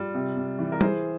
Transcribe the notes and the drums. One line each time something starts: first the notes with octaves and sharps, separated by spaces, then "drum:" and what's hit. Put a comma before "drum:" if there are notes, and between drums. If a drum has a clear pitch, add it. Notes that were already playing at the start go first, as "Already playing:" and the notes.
Already playing: G3 F4
C3
C3
E3
A#4
E3 G#4 C5, drum: tom